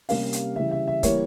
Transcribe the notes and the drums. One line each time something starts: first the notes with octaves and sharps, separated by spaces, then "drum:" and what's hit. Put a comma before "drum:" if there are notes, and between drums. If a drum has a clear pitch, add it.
C3 G3 A#3 C#4 F5, drum: open hi-hat
drum: hi-hat
C#3 E3 G3 E5
E5
E5
E3 G3 A#3 C#5, drum: kick, hi-hat